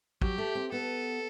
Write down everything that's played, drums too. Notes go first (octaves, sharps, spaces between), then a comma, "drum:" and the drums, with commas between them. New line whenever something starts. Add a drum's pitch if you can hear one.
F#3 G4, drum: kick
A3
C4
B3 A4